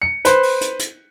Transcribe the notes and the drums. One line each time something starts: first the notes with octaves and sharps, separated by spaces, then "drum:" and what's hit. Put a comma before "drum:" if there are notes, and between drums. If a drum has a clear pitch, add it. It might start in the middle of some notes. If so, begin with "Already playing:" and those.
C#7
B4 C5, drum: hi-hat
drum: open hi-hat
drum: hi-hat
drum: hi-hat